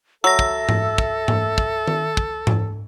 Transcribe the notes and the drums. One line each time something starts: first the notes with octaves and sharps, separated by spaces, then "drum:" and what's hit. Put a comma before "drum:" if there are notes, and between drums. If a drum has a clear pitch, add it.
F#3 A4 E5 E6 A#6
drum: kick
drum: tom G#2
drum: kick
drum: tom G#2
drum: kick
drum: tom D#3
drum: kick
drum: tom G#2